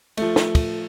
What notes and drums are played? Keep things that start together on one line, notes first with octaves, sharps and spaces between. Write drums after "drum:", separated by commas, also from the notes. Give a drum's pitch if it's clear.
F3 A3, drum: cymbal
drum: snare
drum: kick, cymbal